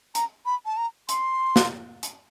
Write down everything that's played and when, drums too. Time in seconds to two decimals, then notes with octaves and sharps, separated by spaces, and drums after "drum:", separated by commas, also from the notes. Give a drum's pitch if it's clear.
0.15 A#5, drum: hi-hat
0.46 B5
0.66 A5
0.77 A#5
1.09 C6, drum: hi-hat
1.56 drum: snare
2.03 drum: hi-hat